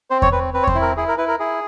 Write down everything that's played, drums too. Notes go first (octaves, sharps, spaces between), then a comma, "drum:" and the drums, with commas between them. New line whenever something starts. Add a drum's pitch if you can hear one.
C4 C5
C#5, drum: kick E2
C4 B4
C4 B4
C#5
C5, drum: kick E2
E4
A#4
E4 G#4
A#4
E4 B4
A#4
E4 G#4